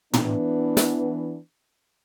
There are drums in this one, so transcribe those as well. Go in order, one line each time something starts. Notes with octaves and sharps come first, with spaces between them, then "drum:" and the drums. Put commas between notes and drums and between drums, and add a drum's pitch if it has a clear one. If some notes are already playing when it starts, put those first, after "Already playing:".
E3 B3 D4, drum: tom
drum: snare